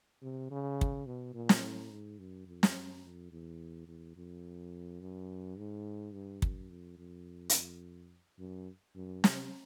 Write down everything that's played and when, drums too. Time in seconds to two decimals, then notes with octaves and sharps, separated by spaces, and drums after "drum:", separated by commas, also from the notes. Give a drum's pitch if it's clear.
0.22 C3
0.51 C#3
0.81 drum: kick
1.06 B2
1.34 A#2
1.49 drum: snare
1.63 A2
1.91 G#2
2.19 F#2
2.47 F2
2.63 drum: snare
2.76 F#2
3.03 F2
3.32 E2
3.88 E2
4.16 F2
5.01 F#2
5.58 G#2
6.13 G2
6.42 F#2, drum: kick
6.70 F2
6.98 F2
7.49 drum: hi-hat
8.39 F#2
8.96 F#2
9.24 C3, drum: snare